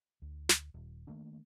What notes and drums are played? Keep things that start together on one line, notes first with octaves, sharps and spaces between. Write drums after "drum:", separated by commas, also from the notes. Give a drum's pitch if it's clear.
D2
drum: snare
D#1
D#3 A3 A#3 D4